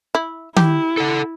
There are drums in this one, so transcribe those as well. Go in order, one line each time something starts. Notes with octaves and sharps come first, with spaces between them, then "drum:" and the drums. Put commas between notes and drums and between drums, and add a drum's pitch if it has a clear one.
E4
E4 G4, drum: tom D#3
A4 F#5